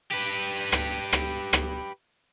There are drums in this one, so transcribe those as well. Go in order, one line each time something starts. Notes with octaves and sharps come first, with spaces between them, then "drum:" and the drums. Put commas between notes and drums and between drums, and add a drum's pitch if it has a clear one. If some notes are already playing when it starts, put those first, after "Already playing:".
G4 B4
drum: rim click
drum: rim click
drum: rim click